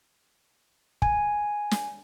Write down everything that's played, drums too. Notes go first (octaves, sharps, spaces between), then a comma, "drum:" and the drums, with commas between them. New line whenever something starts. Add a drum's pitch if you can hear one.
G#5, drum: kick
drum: snare